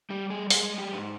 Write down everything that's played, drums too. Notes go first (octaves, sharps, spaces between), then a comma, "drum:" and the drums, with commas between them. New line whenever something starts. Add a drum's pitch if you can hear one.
G3 G4
G#4
G#3 G#4, drum: open hi-hat
G4
G#2